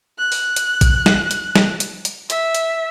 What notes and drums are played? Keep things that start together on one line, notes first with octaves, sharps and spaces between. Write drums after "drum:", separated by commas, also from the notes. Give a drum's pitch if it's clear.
F#6
drum: open hi-hat
drum: hi-hat
drum: kick, hi-hat
drum: snare
drum: hi-hat
drum: snare
drum: hi-hat
drum: hi-hat
E5, drum: hi-hat
drum: hi-hat